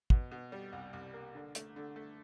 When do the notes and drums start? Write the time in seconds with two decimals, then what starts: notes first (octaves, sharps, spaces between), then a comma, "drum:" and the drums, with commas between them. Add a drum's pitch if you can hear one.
0.10 B2, drum: kick
0.31 B2
0.52 G3
0.72 C2
0.93 C2
1.13 A#3
1.35 D3
1.55 A3, drum: hi-hat
1.76 D3
1.96 A3